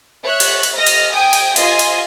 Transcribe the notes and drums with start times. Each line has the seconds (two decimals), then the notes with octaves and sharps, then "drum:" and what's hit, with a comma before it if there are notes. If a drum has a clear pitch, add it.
0.23 C#5 E5 F#6
0.40 drum: cymbal
0.63 drum: cymbal
0.74 D#5 F6 A#6
0.87 drum: cymbal
1.14 G5 G#5 D#6
1.33 drum: cymbal
1.56 F4 D#5 G#5 C6, drum: cymbal
1.79 drum: cymbal